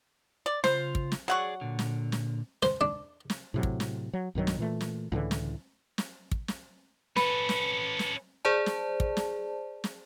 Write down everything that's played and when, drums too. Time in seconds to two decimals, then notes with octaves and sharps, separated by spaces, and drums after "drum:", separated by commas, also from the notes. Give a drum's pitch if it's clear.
0.46 D5
0.64 C#3 F4 C5, drum: snare
0.95 drum: kick
1.12 drum: snare
1.28 F#3 G#4 D5 F#5 C#6
1.61 A#2 D3
1.79 drum: snare
2.12 drum: snare
2.63 C5, drum: snare
2.81 D4
3.30 drum: snare
3.54 A2 C3 F#3
3.63 drum: kick
3.80 drum: snare
4.13 F#3
4.35 B1 G2 D#3 F#3
4.47 drum: snare
4.59 A#2 E3 A3
4.81 drum: snare
5.12 C#2 A2 D3 E3
5.31 drum: snare
5.98 drum: snare
6.31 drum: kick
6.48 drum: snare
7.17 C#4 A4 B4, drum: snare
7.49 drum: snare
7.99 drum: snare
8.45 G#4 C5 D5 A5
8.66 drum: snare
9.00 drum: kick
9.17 drum: snare
9.84 drum: snare